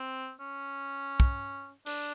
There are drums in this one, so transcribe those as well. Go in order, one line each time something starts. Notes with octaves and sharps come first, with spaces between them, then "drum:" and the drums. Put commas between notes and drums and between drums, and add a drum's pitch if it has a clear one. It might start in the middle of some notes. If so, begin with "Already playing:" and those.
Already playing: C4
C#4
drum: kick
D4, drum: open hi-hat